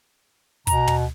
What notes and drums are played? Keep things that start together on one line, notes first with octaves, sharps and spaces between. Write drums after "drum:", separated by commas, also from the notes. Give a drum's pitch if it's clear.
B2 A#5, drum: kick, hi-hat
drum: tom